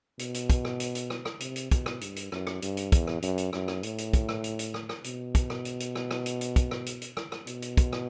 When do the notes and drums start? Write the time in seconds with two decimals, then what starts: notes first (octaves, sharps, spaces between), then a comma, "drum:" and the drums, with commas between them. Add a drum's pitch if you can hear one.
0.19 B2, drum: hi-hat
0.34 drum: hi-hat
0.50 drum: kick, hi-hat
0.65 drum: rim click
0.80 drum: hi-hat
0.95 drum: hi-hat
1.10 drum: rim click
1.25 drum: rim click
1.40 C3, drum: hi-hat
1.56 drum: hi-hat
1.71 B2, drum: kick, hi-hat
1.86 drum: rim click
2.01 G2, drum: hi-hat
2.16 drum: hi-hat
2.32 F#2, drum: rim click
2.47 drum: rim click
2.62 G2, drum: hi-hat
2.77 drum: hi-hat
2.92 E2, drum: kick, hi-hat
3.07 drum: rim click
3.22 F#2, drum: hi-hat
3.38 drum: hi-hat
3.53 F#2, drum: rim click
3.68 drum: rim click
3.83 A2, drum: hi-hat
3.98 drum: hi-hat
4.13 drum: kick, hi-hat
4.29 drum: rim click
4.44 drum: hi-hat
4.59 drum: hi-hat
4.74 drum: rim click
4.89 drum: rim click
5.04 B2, drum: hi-hat
5.35 drum: kick, hi-hat
5.50 drum: rim click
5.65 drum: hi-hat
5.80 drum: hi-hat
5.95 drum: rim click
6.11 drum: rim click
6.26 drum: hi-hat
6.41 drum: hi-hat
6.56 drum: kick, hi-hat
6.71 drum: rim click
6.86 drum: hi-hat
7.02 drum: hi-hat
7.17 drum: rim click
7.32 drum: rim click
7.47 B2, drum: hi-hat
7.62 drum: hi-hat
7.77 drum: kick, hi-hat
7.93 drum: rim click